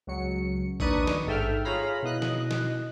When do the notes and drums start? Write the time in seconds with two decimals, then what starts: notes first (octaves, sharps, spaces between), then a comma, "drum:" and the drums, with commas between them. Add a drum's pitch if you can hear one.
0.07 C#2 F#3 C#7
0.80 D#2 D4 D#4 B4 C#6 D#6, drum: kick
1.07 drum: snare
1.26 A1 G#2 A4 E5 G5 F6
1.65 F4 G#4 C#5 F5 A#5 B5
2.03 B2 E4 D#5 F#6
2.22 drum: snare
2.51 drum: snare